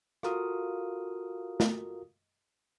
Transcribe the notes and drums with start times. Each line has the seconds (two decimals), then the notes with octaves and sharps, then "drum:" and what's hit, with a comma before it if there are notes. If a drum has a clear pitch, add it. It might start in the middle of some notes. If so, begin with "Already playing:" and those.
0.23 F4 F#4 A4 A#4 F5 D#6, drum: rim click
1.60 drum: snare